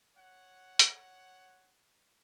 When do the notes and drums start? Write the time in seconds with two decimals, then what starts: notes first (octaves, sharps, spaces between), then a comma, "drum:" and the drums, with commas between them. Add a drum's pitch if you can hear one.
0.16 C#5 F#5
0.79 drum: hi-hat